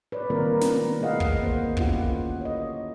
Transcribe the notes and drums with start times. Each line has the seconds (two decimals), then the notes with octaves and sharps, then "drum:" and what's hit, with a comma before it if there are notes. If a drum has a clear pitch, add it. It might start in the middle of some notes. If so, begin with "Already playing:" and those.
0.12 B4 C#5 D5
0.30 D#3 G3 A#3 C4 F4 A#4
0.61 drum: snare
1.01 A3 E4 G#4 D#5 F5 F#5
1.20 drum: kick
1.42 D3 A#3 C5
1.77 B3 C#4 E4 F4 G4 F#5, drum: kick
2.41 C#5 D#5